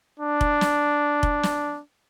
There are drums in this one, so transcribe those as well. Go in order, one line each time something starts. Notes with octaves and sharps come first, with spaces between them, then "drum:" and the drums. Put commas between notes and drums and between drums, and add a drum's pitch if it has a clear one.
D4
drum: kick F1
drum: snare
drum: kick F1
drum: snare